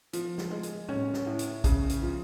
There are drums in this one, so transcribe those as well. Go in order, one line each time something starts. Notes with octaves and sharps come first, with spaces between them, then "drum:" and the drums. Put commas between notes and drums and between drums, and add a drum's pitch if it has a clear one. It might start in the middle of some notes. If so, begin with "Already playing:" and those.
F3, drum: hi-hat
drum: snare
G#3
drum: hi-hat
C#4, drum: tom A2
drum: snare
A2
drum: hi-hat
C#3, drum: kick, hi-hat
drum: hi-hat
F3